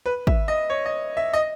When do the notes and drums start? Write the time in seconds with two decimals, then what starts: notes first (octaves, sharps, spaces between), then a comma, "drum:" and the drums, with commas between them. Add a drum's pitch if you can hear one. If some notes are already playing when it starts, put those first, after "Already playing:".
0.06 B4
0.27 E5, drum: kick
0.48 D#5
0.70 C#5
0.86 D#5
1.17 E5
1.33 D#5